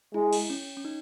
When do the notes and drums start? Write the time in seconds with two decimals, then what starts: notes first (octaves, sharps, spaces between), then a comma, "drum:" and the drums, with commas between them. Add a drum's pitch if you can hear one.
0.14 G#3 E4
0.33 drum: cymbal
0.50 C#4
0.77 C#4
0.85 D#4